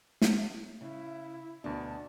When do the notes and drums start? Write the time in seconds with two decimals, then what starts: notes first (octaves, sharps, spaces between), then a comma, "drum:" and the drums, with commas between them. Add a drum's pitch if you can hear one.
0.22 drum: snare
0.81 C#3 E4
1.64 D2 B2 D4 A5